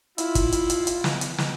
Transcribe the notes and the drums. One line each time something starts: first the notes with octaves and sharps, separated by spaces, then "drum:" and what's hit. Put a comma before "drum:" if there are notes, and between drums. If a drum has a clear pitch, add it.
E4 F4, drum: hi-hat
drum: kick, hi-hat
drum: hi-hat
drum: hi-hat
drum: hi-hat
drum: snare
drum: hi-hat
drum: snare